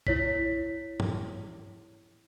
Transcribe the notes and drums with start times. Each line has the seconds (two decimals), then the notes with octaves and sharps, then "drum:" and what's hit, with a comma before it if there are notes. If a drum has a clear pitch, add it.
0.07 E4 C#5 B6, drum: kick
1.00 drum: tom G2